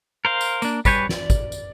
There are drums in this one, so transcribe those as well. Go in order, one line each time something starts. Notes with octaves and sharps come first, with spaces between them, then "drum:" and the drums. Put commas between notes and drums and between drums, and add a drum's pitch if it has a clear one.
A#4 C5 F5
drum: tambourine
A#3 D4, drum: tambourine
G3 B4 C#5 G#5 G6, drum: kick, tambourine
D5, drum: snare
drum: kick, tambourine
drum: tambourine